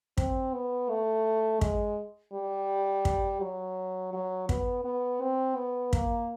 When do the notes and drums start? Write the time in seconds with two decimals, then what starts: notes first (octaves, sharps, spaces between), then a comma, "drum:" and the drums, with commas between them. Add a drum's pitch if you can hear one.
0.18 C4, drum: kick
0.53 B3
0.90 A3
1.61 G#3, drum: kick
2.33 G3
3.05 drum: kick
3.41 F#3
4.13 F#3
4.49 B3, drum: kick
4.84 B3
5.21 C4
5.56 B3
5.93 A#3, drum: kick